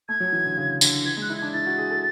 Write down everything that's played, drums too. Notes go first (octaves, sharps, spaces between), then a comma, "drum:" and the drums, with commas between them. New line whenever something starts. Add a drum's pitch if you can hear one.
A3 G#6
F#3
E3
D3
C#3
D3, drum: tambourine
E3 G#6
G#3
F#6
E4
D4 G#6
E4 A6
F#4
G#4
A4